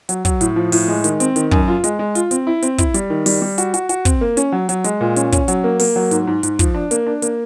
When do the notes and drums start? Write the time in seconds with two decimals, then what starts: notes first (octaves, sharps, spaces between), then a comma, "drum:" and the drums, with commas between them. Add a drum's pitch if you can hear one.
0.09 F#3, drum: hi-hat
0.25 F#3, drum: kick, hi-hat
0.41 A2, drum: hi-hat
0.56 F3
0.72 A2, drum: open hi-hat
0.88 G#3
1.04 D#3, drum: hi-hat
1.20 C4, drum: hi-hat
1.36 D#3, drum: hi-hat
1.51 F#2, drum: kick
1.68 F4
1.84 G#3, drum: hi-hat
1.99 G#3
2.15 F4, drum: hi-hat
2.31 C4, drum: hi-hat
2.47 E4
2.62 C4, drum: hi-hat
2.78 E4, drum: kick, hi-hat
2.94 G3, drum: hi-hat
3.10 D#3
3.26 G3, drum: open hi-hat
3.42 G3
3.58 F#4, drum: hi-hat
3.74 F#4, drum: hi-hat
3.89 F#4, drum: hi-hat
4.05 C4, drum: kick, hi-hat
4.21 A#3
4.37 C#4, drum: hi-hat
4.52 F#3
4.69 F#3, drum: hi-hat
4.84 G#3, drum: hi-hat
5.01 A#2
5.16 C#4, drum: hi-hat
5.32 C#4, drum: kick, hi-hat
5.48 F#3, drum: hi-hat
5.64 A#3
5.79 A#3, drum: open hi-hat
5.96 F#3
6.11 G#2, drum: hi-hat
6.27 G#2
6.43 G#2, drum: hi-hat
6.59 F3, drum: kick, hi-hat
6.74 D4
6.91 A#3, drum: hi-hat
7.07 D4
7.22 A#3, drum: hi-hat